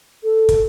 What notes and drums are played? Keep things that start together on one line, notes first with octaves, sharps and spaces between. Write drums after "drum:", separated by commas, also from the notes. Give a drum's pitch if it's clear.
A4
drum: kick, hi-hat